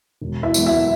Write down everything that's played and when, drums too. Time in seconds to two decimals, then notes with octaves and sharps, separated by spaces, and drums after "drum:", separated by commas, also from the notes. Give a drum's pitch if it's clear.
0.21 E1
0.43 E4 E5
0.54 E2 B2 F#3, drum: tambourine
0.66 E4 E5